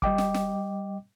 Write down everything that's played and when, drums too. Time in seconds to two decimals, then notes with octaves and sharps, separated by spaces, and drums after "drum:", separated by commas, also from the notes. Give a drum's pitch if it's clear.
0.02 G3 D#5 G5 D6, drum: kick
0.18 drum: snare
0.34 drum: snare